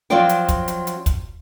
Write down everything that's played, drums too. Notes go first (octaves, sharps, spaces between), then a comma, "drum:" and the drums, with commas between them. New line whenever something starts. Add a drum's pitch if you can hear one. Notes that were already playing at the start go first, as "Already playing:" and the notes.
F3 F#3 C4 F4 D5 G5
drum: hi-hat
drum: kick, hi-hat
drum: hi-hat
drum: hi-hat
drum: kick, hi-hat